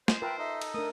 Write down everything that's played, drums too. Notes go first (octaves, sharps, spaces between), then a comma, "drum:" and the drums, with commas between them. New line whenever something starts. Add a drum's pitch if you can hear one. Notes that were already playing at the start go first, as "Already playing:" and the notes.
C5 D#5 G#5, drum: snare
F4 A#4 B4 E5 G5 A5
D#4 A4 D#5 E5
drum: cymbal
A3 D4 A#4 D#6